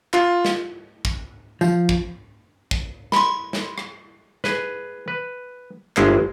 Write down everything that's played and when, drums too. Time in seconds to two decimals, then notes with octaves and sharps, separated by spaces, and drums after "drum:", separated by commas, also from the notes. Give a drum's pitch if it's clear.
0.14 F4, drum: clap
0.45 drum: snare
1.05 drum: kick
1.61 F3, drum: tambourine
1.89 drum: kick
2.71 drum: kick
3.12 B5 C6, drum: snare
3.53 drum: snare
3.78 drum: rim click
4.44 G#4 B4, drum: snare
5.08 B4
5.97 G1 G#3 E4 G#4 C5, drum: clap